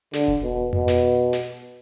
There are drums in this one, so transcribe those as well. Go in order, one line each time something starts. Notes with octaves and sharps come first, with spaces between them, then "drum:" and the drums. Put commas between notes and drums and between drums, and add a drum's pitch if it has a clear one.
D3, drum: snare
drum: kick E1
B2
B2, drum: tom F2
drum: snare
drum: snare